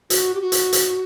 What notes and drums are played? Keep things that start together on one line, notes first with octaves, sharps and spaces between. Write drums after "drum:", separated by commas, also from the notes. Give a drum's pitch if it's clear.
F#4, drum: hi-hat
G4
F#4
drum: hi-hat
drum: hi-hat